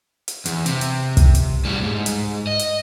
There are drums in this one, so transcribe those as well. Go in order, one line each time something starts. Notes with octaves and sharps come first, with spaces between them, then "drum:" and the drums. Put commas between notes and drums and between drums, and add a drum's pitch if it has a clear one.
drum: hi-hat
E2, drum: hi-hat
C3, drum: hi-hat
drum: hi-hat
drum: kick, hi-hat
drum: hi-hat
A2 G3
G#2
drum: hi-hat
D#5
drum: hi-hat